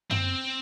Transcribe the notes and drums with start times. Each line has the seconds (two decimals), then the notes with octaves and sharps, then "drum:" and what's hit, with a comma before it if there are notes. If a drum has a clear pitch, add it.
0.11 C4, drum: tom F#2